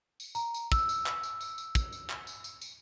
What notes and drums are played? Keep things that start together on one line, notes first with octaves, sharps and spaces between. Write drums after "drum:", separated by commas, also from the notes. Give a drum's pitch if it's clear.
drum: tambourine
A#5, drum: tambourine
drum: tambourine
E6, drum: kick, tambourine
drum: tambourine
drum: clap
drum: tambourine
drum: tambourine
drum: tambourine
drum: kick, tambourine
drum: tambourine
drum: clap
drum: tambourine
drum: tambourine
drum: tambourine